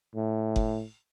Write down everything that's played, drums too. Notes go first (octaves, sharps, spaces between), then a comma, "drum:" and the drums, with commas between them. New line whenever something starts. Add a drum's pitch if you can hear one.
A2
drum: kick F#1